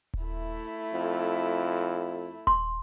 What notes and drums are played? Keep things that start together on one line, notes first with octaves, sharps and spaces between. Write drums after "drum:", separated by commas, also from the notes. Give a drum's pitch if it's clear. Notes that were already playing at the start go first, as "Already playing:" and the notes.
drum: kick D#1
A3 E4
F2
C6, drum: kick D#1